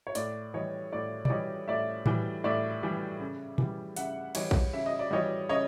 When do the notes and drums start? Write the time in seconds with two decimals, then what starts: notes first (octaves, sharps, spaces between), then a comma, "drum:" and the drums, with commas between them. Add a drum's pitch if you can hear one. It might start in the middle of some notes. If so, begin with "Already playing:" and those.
0.07 C#5
0.15 A2 D5, drum: hi-hat
0.54 E3 G3 C#5 D#5
0.93 A2 D5
1.25 D5, drum: tom A#2
1.30 E3 G3 C#5 D#5
1.68 A2 D5 E5
2.06 E3 G3, drum: tom A2
2.44 A2 D5 E5
2.83 E3 G3
3.20 C#3
3.58 E3 G3, drum: tom A#2
3.96 C#3 E5 F#5, drum: hi-hat
4.35 E3 G3 C#5 D#5, drum: cymbal
4.51 drum: kick A#1
4.73 C#3 E5
4.86 D#5
4.99 D5
5.11 E3 G3 C#5 D#5
5.49 C#3 C#5 D#5